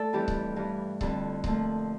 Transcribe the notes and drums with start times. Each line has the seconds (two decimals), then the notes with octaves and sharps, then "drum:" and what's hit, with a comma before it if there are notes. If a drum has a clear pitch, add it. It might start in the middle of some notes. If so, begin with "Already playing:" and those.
Already playing: A3 A4 D5
0.13 F2 E3 G3 G4
0.28 drum: kick C#1
0.56 G2 E3 G3
1.01 F2 D3 G3, drum: kick C#1
1.44 A#2 F3 A3, drum: kick C#1